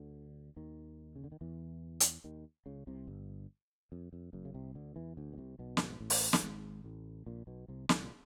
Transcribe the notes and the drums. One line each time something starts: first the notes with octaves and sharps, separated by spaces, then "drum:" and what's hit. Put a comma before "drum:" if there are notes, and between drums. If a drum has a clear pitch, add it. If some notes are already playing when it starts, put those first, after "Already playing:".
Already playing: D2 D3
D#2 D#3
C#3
D3
D#3
E2 E3
drum: hi-hat
D#2 D#3
C#2 C#3
C2 C3
G1 G2
F2
F2
F#1 F#2
C#3
C2 C3
D2 D3
E2 E3
D2 D3
B2
C2 C3
B1 B2
G2, drum: snare
G#2
A1 A2
drum: open hi-hat
G2, drum: snare
G#1 G#2
A1 A2
A#1 A#2
B1 B2
C2 C3
C2 C3, drum: snare
A#2